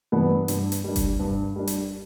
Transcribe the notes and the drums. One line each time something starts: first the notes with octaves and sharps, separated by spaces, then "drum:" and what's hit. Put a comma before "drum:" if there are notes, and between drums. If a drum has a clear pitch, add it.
G2 E3 B3 D4
G2, drum: hi-hat
drum: hi-hat
G3 D4
drum: kick F#1, hi-hat
G2
G3 D4
drum: hi-hat